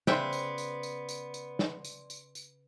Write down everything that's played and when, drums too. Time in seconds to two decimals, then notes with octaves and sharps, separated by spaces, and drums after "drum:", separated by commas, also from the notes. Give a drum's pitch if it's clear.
0.07 C#3 B3 C5 D5 E5 G5 C6, drum: snare
0.33 drum: tambourine
0.58 drum: tambourine
0.83 drum: tambourine
1.09 drum: tambourine
1.34 drum: tambourine
1.59 drum: snare
1.85 drum: tambourine
2.10 drum: tambourine
2.35 drum: tambourine